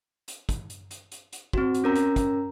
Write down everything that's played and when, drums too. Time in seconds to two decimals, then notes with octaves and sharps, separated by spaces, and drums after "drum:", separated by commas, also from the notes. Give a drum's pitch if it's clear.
0.28 drum: hi-hat
0.49 drum: kick, hi-hat
0.70 drum: hi-hat
0.91 drum: hi-hat
1.12 drum: hi-hat
1.32 drum: hi-hat
1.53 C4 F#4, drum: kick
1.74 drum: hi-hat
1.84 C#4 A#4 A#5
1.95 drum: hi-hat
2.16 drum: kick, hi-hat